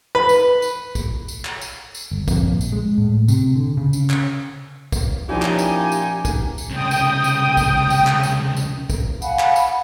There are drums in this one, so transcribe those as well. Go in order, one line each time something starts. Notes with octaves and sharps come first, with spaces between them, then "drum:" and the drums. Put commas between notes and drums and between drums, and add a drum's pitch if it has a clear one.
B4
drum: tambourine
drum: tambourine
drum: kick, tambourine
drum: tambourine
drum: clap
drum: tambourine
drum: tambourine
G1
F2, drum: kick, tambourine
A#1
drum: tambourine
G#3
A2
C3, drum: tambourine
D3
C#3
drum: tambourine
drum: clap
drum: kick, tambourine
A#2 F3 C#4 D#4 E4 G4 G#5
drum: clap
drum: tambourine
drum: tambourine
drum: kick, tambourine
drum: tambourine
C2 C#3 G5 D#6
drum: tambourine
drum: tambourine
drum: kick, tambourine
drum: tambourine
drum: clap
drum: tambourine
drum: tambourine
drum: kick, tambourine
F5 F#5 G#5 B5, drum: tambourine
drum: clap
drum: tambourine